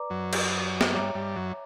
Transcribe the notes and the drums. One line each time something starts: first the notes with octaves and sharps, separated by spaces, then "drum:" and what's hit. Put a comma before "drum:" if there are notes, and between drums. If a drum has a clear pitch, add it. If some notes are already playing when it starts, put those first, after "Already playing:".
Already playing: B4 D5 A#5 D6
F#2 F#3
drum: cymbal
drum: snare
G2 G3 C#5 E5 A#5 D6
G2 G3
F#2 F#3